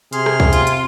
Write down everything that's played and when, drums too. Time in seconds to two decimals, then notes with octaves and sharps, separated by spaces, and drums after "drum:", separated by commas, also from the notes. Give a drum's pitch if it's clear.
0.13 C3 G#4 C6 F6, drum: hi-hat
0.26 drum: rim click
0.40 drum: kick C2
0.53 F4, drum: hi-hat
0.67 drum: hi-hat